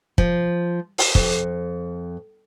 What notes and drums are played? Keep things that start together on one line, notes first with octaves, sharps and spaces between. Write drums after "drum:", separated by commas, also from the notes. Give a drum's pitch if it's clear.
F3, drum: kick
drum: open hi-hat
F2, drum: kick